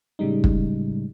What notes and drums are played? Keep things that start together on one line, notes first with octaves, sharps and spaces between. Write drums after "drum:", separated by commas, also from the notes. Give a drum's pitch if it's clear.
A2 C#3 G3 G#3 D#4
drum: kick